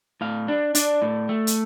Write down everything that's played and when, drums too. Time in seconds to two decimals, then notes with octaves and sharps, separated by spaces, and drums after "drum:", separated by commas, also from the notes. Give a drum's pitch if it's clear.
0.21 A2 F5
0.48 D4
0.75 D4 D5, drum: hi-hat
1.02 A2
1.29 A3
1.47 drum: hi-hat